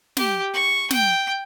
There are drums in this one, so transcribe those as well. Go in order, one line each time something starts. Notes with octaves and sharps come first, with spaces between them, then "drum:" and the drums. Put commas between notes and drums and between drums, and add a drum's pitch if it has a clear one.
G4, drum: snare
C#6
G5, drum: snare